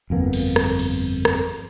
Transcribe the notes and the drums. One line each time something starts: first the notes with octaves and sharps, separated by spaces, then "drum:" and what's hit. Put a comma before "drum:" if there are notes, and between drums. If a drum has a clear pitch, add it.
G1 F2 A#3 B3
drum: cymbal
drum: rim click
drum: cymbal
drum: rim click